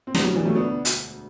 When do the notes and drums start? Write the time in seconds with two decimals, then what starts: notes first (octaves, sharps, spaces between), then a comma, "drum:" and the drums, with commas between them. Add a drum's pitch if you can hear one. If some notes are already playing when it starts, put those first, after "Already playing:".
0.07 C4
0.15 E1 D2 D3 G3 B3, drum: snare
0.25 F#3
0.36 E3 G3
0.45 F#3 A3
0.55 B3 D4
0.85 drum: hi-hat